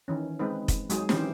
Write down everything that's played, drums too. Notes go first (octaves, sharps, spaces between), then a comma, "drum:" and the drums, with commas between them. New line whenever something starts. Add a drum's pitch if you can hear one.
D#3 E3 C#4
G#3 C4 D#4 B4
drum: kick F1, hi-hat
F#3 G#3 D#4 G#4, drum: hi-hat
D#3 E3 C4 C#4 G4 C5, drum: snare